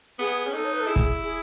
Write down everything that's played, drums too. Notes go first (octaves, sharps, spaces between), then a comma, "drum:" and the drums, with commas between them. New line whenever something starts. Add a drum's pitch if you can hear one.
B3 G#4
C#4
D#4 A4
C#5
B4
A4
E4 G#4
drum: kick
G#4